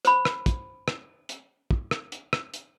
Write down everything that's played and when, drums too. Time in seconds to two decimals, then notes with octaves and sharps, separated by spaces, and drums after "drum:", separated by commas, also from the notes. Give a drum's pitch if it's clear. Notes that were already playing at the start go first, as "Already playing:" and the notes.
0.05 C5 B5, drum: hi-hat
0.25 drum: rim click
0.46 drum: kick, hi-hat
0.88 drum: rim click
1.29 drum: hi-hat
1.71 drum: kick
1.91 drum: rim click
2.12 drum: hi-hat
2.33 drum: rim click
2.54 drum: hi-hat